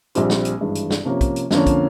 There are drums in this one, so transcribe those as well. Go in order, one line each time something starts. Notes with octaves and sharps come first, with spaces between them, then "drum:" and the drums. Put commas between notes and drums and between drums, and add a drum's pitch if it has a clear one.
A#1 A#2 G3 C4, drum: hi-hat
drum: snare
drum: hi-hat
G#1 G2 E3 G#3
drum: hi-hat
drum: snare
C3 F3 A#3 C#4
drum: kick, hi-hat
drum: hi-hat
F2 D3 F3 A#3 C#4, drum: snare
drum: kick, hi-hat